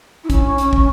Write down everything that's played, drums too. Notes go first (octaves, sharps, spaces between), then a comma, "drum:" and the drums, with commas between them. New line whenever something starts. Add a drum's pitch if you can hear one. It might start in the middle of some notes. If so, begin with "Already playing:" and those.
E4
C#4, drum: kick, hi-hat
drum: hi-hat
drum: kick